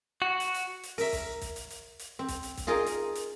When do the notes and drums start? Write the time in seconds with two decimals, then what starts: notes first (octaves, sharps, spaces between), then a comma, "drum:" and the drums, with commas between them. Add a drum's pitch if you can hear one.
0.22 F#4
0.40 drum: hi-hat
0.54 drum: hi-hat
0.83 drum: hi-hat
0.98 A#4 E5, drum: open hi-hat
1.12 drum: kick, hi-hat
1.41 drum: kick, hi-hat
1.56 drum: hi-hat
1.70 drum: hi-hat
1.99 drum: hi-hat
2.19 C4
2.28 drum: kick, hi-hat
2.43 drum: hi-hat
2.57 drum: kick, hi-hat
2.67 D#4 F4 G#4 A#4 D#5
2.86 drum: hi-hat
3.15 drum: hi-hat